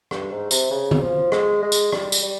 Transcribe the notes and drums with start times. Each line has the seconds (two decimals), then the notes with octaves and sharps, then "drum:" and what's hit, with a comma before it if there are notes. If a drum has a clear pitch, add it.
0.11 G2, drum: rim click
0.31 G#2
0.51 C3, drum: tambourine
0.71 C#3
0.91 drum: tom D3
1.01 F3
1.32 G#3, drum: rim click
1.62 G#3
1.72 drum: tambourine
1.92 G3, drum: rim click
2.12 drum: tambourine
2.23 G3